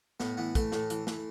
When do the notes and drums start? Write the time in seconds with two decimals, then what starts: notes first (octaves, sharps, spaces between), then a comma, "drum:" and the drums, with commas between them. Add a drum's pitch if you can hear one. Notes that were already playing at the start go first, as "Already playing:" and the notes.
0.20 A2 B3, drum: snare
0.37 E3 B3
0.55 E3 A3, drum: kick, hi-hat
0.72 A2, drum: snare
0.90 E3, drum: hi-hat
1.07 E3, drum: snare